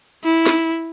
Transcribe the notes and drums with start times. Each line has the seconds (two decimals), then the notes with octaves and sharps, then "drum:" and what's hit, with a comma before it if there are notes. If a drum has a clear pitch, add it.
0.24 E4
0.46 drum: snare